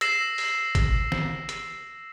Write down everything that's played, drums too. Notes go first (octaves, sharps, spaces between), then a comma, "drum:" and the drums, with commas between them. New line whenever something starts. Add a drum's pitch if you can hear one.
E6 A#6 C7 E7, drum: hi-hat
drum: open hi-hat
drum: kick, hi-hat
drum: snare
drum: hi-hat